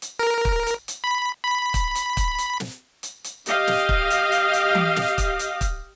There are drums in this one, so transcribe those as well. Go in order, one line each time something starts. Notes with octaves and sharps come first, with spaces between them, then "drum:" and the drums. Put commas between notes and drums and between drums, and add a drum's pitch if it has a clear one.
drum: hi-hat
A#4
drum: kick
drum: hi-hat
drum: hi-hat
B5
B5
drum: kick, hi-hat
drum: hi-hat
drum: kick, hi-hat
drum: hi-hat
drum: snare
drum: hi-hat
drum: hi-hat
G4 D#5 F5, drum: hi-hat
drum: snare
drum: kick
drum: hi-hat
drum: hi-hat
drum: hi-hat
drum: tom E3
drum: snare
drum: kick, hi-hat
drum: hi-hat
drum: kick, hi-hat